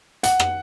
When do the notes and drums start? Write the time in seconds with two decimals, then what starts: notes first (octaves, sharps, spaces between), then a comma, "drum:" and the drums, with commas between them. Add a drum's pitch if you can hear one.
0.23 F#5, drum: hi-hat
0.40 drum: rim click